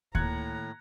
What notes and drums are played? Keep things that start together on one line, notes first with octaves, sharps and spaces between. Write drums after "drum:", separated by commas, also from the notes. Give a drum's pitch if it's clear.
A2 D#3 A#3 A#5 F#6 G#6 C#7, drum: kick D2